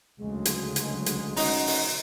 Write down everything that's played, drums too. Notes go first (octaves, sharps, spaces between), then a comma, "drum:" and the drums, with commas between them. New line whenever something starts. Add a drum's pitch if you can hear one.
D2 C#3 F#3 G#3
drum: hi-hat
drum: hi-hat
drum: hi-hat
C#4 D#4 F#4 D#5, drum: open hi-hat
drum: open hi-hat